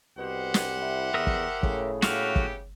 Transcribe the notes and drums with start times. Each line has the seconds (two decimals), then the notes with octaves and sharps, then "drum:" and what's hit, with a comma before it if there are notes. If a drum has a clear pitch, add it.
0.18 C2 B2 G4 C5 F#5
0.54 drum: snare
0.82 E4
1.14 E2 A#4 E5 D#6
1.27 drum: kick
1.63 A2 C#3, drum: kick
2.02 A3 B3 F#4 G4 F5, drum: snare
2.36 drum: kick